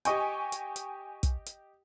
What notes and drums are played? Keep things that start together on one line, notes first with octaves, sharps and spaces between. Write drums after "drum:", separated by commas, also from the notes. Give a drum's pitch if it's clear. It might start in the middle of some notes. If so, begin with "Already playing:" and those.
G4 D#5 G5 G#5 C#6, drum: hi-hat
drum: hi-hat
drum: hi-hat
drum: kick, hi-hat
drum: hi-hat